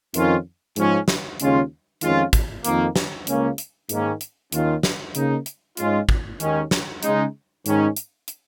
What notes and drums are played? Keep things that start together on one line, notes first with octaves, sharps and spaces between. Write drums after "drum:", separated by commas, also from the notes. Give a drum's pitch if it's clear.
F2 D#3 C#4 F4, drum: hi-hat
G#2 F3 C#4, drum: hi-hat
drum: snare
D#2 C#3 G#3 C#4 F4, drum: hi-hat
F2 D#3 G#3 C#4 F4, drum: hi-hat
drum: kick, hi-hat
F2 D#3 A#3, drum: hi-hat
drum: snare
C#2 C#3 A#3 C#4, drum: hi-hat
drum: hi-hat
G#2 D#3 A#3 C#4, drum: hi-hat
drum: hi-hat
D#2 D#3 C#4 F4, drum: hi-hat
drum: snare
C#3 A#3 D#4, drum: hi-hat
drum: hi-hat
G#2 G#3 C#4 F4, drum: hi-hat
drum: kick
D#2 D#3 G#3 C#4, drum: hi-hat
drum: snare
C#3 G#3 D#4, drum: hi-hat
G#2 D#3 C#4, drum: hi-hat
drum: hi-hat
drum: hi-hat